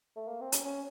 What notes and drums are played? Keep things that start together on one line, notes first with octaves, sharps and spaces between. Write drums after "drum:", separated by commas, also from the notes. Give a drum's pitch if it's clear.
A3
A#3
C4
C#4, drum: hi-hat
C#4